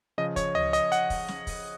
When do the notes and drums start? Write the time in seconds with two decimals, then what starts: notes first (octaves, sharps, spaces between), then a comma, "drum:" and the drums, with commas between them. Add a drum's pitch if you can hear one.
0.18 C#3 F3 D#5
0.36 C#5, drum: kick, hi-hat
0.55 D#5, drum: tom C#2
0.73 D#5, drum: hi-hat
0.92 F#5, drum: hi-hat
1.10 drum: kick, open hi-hat
1.28 drum: snare
1.47 drum: kick, open hi-hat